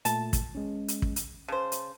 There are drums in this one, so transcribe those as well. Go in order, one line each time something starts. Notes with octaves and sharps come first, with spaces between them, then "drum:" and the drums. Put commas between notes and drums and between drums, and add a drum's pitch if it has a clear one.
A#2 A3 A5, drum: hi-hat
drum: kick, hi-hat
G#3 C#4
drum: hi-hat
drum: kick
drum: hi-hat
C#3 C5 A5
drum: hi-hat